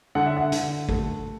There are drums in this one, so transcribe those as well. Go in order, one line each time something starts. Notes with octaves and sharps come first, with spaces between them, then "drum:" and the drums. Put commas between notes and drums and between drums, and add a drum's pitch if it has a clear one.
D3 F#5
E5
F#5
D3, drum: hi-hat
A3, drum: kick